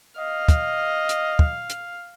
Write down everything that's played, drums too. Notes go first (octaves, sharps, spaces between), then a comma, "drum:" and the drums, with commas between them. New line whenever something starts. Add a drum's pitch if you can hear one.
D#5 F5
drum: kick, hi-hat
drum: hi-hat
drum: kick
drum: hi-hat